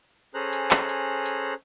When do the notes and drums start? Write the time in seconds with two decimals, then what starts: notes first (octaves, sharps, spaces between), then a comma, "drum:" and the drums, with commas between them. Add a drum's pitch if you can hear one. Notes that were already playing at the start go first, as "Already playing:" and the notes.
0.34 C#4 G#4 A4 C5 A#5 F#6
0.53 drum: hi-hat
0.71 drum: clap
0.89 drum: hi-hat
1.26 drum: hi-hat